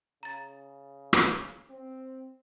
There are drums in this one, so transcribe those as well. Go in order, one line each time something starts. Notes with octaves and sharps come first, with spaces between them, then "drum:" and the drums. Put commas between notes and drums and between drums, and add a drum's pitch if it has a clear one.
C#3 A#5 A6
drum: rim click
C4